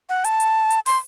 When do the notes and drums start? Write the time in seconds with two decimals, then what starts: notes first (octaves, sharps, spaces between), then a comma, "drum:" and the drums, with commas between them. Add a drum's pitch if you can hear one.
0.09 F#5
0.24 A5, drum: hi-hat
0.40 drum: hi-hat
0.70 drum: hi-hat
0.86 C6, drum: open hi-hat